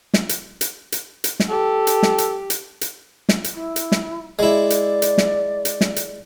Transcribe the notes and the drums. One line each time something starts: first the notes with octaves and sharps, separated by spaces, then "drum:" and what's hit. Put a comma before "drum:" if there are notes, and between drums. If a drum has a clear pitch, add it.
drum: snare
drum: hi-hat
drum: hi-hat
drum: hi-hat
drum: hi-hat
drum: snare
G4 A4
drum: hi-hat
drum: snare
drum: hi-hat
drum: hi-hat
drum: hi-hat
drum: snare
drum: hi-hat
E4
drum: hi-hat
drum: snare
G#3 E4 D5
drum: hi-hat
drum: hi-hat
drum: snare
drum: hi-hat
drum: snare
drum: hi-hat